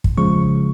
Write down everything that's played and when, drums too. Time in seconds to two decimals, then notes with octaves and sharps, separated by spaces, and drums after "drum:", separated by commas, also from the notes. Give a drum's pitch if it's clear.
0.04 drum: kick
0.17 C#3 F3 G#3 C#6